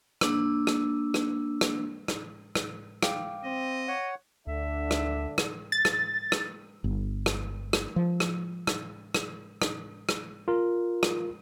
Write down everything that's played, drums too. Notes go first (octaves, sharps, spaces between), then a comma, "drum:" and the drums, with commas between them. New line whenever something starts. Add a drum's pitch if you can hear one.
A#3 D4 E6, drum: rim click
drum: rim click
drum: rim click
drum: rim click
drum: rim click
drum: rim click
F5 G5 D6, drum: rim click
C4 D#5
C#5 F#5
D2 D3 D4 E5
drum: rim click
drum: rim click
A6
drum: rim click
drum: rim click
G1
drum: rim click
drum: rim click
F3
drum: rim click
drum: rim click
drum: rim click
drum: rim click
drum: rim click
F4 A#4
drum: rim click